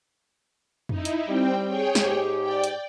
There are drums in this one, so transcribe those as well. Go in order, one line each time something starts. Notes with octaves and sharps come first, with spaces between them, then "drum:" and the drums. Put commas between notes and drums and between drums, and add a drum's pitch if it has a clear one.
D#4 E4, drum: tom F2
drum: hi-hat
G3 C4 G5
G#4 C#5 G5
drum: snare
G#2 G4
D5 G5
drum: hi-hat